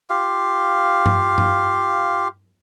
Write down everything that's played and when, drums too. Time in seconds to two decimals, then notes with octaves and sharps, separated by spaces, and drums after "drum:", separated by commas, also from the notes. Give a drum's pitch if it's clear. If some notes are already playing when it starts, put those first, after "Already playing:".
0.10 F4 G4 F5
1.06 drum: tom G2
1.38 drum: tom G2